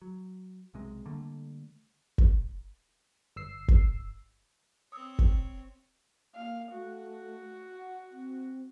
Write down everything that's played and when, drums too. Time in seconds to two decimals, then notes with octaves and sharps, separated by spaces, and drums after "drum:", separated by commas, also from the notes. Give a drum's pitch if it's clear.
0.02 F#3
0.74 B1 C3 G#3
1.06 D3 G3 A3 A#3
2.18 drum: kick G1
3.36 G1 E6 C7
3.68 drum: kick G1
4.92 C4 C#5 D#6 E6
5.19 drum: kick G1
6.35 A#3 F5
6.73 A3 F#4
7.76 F#5
8.12 C4